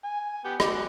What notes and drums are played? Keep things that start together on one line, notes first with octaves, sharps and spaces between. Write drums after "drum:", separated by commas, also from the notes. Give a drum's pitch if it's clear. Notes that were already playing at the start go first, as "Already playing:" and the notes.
G#5
B3 G4
F#4 D5, drum: rim click